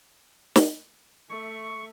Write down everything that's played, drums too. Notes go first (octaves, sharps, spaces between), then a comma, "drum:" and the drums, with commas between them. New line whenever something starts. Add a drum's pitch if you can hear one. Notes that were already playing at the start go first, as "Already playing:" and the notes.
drum: snare
A3 E5 C#6